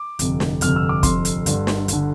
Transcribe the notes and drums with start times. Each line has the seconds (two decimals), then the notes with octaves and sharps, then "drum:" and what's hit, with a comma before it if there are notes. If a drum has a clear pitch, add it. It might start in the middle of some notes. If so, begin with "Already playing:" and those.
Already playing: D6
0.19 G1 F2 C3, drum: hi-hat
0.40 drum: snare
0.61 G1 F2 C3 F6, drum: hi-hat
0.76 E6
0.89 D6
1.03 G1 F2 C3 C6, drum: kick, hi-hat
1.25 drum: hi-hat
1.46 G1 G2 D3, drum: hi-hat
1.67 drum: snare
1.88 G1 D3, drum: hi-hat